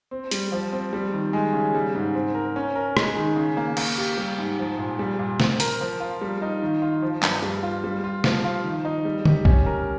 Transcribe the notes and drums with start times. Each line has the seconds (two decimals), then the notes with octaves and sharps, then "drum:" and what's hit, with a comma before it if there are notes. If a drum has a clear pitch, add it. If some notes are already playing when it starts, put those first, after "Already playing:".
0.11 C4
0.31 G3, drum: hi-hat
0.52 F3
0.72 C4
0.93 G3
1.13 D#3
1.33 G#3
1.53 C#3
1.75 G3
1.95 G#2
2.15 C4
2.35 A#4
2.56 C#4
2.75 A#4
2.97 G#3, drum: rim click
3.16 D#3
3.36 C#3
3.57 A#3
3.77 A#3, drum: cymbal
3.98 G4
4.17 G3
4.38 G#2
4.59 F3
4.79 A#2
4.99 G3
5.19 A#2
5.40 C4, drum: snare
5.60 A#4, drum: hi-hat
5.81 F3
6.00 F4
6.21 G3
6.42 D#4
6.62 D#3
6.82 F4
7.02 F3
7.22 G2, drum: clap
7.42 G3
7.63 F4
7.84 G3
8.04 F4
8.24 F3, drum: snare
8.45 F4
8.64 D#3
8.85 D#4
9.05 G3
9.25 G4, drum: tom
9.45 C#4, drum: kick B1
9.66 A#4